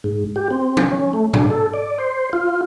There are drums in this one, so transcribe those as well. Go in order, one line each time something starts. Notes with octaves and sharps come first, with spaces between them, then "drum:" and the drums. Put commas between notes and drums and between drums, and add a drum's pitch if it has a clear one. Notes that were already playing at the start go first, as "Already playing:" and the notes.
G#2
G4
C4
drum: tom
C#4
A3
D4, drum: tom G#2
A4
D5
C5
F4